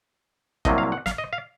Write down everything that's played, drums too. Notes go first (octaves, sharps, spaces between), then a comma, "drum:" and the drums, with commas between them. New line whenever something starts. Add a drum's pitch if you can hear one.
C2 C3 F#3 A#3 D#5, drum: kick
F5
F#5
F5, drum: snare
D#5
F5